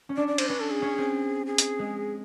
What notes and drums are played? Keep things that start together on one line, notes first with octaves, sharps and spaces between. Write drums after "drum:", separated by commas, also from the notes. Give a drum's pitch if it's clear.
C#4
D4 D5
D5
C5, drum: cymbal
C#4 B4
A4
G#4
C#4
C4
G#4
drum: hi-hat
G#3